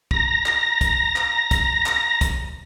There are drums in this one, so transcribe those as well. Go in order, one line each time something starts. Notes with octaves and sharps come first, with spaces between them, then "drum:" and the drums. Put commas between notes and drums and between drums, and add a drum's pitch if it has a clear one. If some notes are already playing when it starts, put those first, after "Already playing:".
A#5 A#6, drum: kick
drum: clap
drum: kick, hi-hat
drum: clap
drum: kick, hi-hat
drum: clap
drum: kick, hi-hat